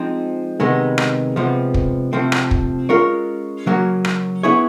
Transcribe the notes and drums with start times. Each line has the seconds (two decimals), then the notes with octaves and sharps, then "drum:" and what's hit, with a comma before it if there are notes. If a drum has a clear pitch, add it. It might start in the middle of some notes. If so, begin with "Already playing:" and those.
Already playing: F3 G#3 C4 D#4
0.60 C3 D#3 G#3 B3
0.98 drum: rim click
1.36 C3 F3 G#3 B3
1.74 drum: kick
2.13 C3 F3 A3 C4
2.32 drum: rim click
2.51 drum: kick
2.89 G#3 C#4 F4 A#4 C#5
3.66 C#3 F#3 A#3 C#4
4.05 drum: rim click
4.43 B3 E4 G#4 C#5